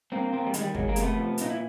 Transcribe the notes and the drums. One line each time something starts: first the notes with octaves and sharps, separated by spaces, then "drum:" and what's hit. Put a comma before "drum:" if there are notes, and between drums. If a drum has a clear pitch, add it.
G2 A#3 C4
E2 A#3 C4
G3
D#3 G#3, drum: hi-hat
G3
E2 F#3 G#3, drum: kick
G#3 A#3
C3, drum: hi-hat
A3 B3
F3
A#2 D#4, drum: hi-hat
E4